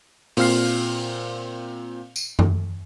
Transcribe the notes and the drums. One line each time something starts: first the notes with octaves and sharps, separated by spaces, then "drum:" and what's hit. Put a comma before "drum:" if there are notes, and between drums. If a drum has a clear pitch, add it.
A#2 C4 F4 F6 C7, drum: open hi-hat
drum: tambourine
drum: tom F#2